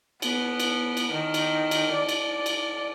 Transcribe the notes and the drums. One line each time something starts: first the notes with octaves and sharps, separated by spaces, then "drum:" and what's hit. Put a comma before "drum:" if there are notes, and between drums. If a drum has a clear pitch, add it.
B3, drum: cymbal
drum: cymbal
drum: cymbal
D#3
drum: cymbal
drum: cymbal
D5
drum: cymbal
drum: cymbal